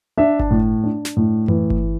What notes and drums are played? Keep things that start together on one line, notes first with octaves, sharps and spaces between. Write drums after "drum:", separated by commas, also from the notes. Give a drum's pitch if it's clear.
D4 E5
A5, drum: kick G1
A2
D4
drum: snare
A2
E3, drum: tom F#2
drum: kick G1